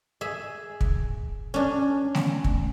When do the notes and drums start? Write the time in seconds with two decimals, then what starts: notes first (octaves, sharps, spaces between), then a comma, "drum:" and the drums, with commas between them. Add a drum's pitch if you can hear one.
0.21 G#4 E5
0.81 drum: kick
1.54 C#4 D4
2.15 drum: snare A3
2.44 drum: kick